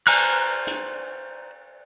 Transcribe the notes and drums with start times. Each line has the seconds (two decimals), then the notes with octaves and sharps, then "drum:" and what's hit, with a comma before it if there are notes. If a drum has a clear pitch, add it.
0.07 C5 G#5 A#5 F6 F#6, drum: cymbal
0.67 drum: hi-hat